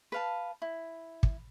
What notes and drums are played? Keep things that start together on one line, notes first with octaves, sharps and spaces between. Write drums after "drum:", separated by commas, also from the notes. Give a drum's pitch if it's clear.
B4 F5 A5
E4
drum: kick